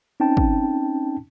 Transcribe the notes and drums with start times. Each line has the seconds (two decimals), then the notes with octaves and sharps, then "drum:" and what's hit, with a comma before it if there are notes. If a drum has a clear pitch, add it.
0.20 C4 C#4 D#4 G5 A5
0.37 drum: kick